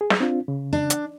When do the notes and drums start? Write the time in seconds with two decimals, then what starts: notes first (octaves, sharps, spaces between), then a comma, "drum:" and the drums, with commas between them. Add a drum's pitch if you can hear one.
0.01 G#4
0.10 drum: snare
0.20 C4 D4 F4
0.48 C#3
0.73 D4
0.90 drum: hi-hat